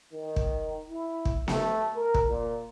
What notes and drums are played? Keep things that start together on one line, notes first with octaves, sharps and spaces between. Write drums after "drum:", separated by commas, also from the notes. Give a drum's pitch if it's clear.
D#3
drum: kick
E4
drum: kick
A3, drum: snare B3
A#4
drum: kick
A#2